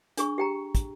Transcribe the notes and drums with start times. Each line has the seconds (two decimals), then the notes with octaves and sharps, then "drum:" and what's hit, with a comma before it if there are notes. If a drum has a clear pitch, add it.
0.17 D4 G#4 C#6, drum: hi-hat
0.38 G4 G5 A#5
0.75 drum: kick, hi-hat